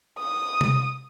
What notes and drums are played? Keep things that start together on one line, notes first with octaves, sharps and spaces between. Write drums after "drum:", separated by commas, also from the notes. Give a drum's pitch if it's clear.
D#6
drum: tom C3